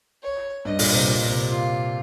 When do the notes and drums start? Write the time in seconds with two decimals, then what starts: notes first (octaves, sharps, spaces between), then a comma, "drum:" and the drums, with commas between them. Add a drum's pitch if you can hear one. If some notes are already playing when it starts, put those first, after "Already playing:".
0.23 C#5
0.65 G2 D#5
0.79 A#2, drum: open hi-hat
0.94 C3
1.07 A#2
1.28 C3
1.49 F4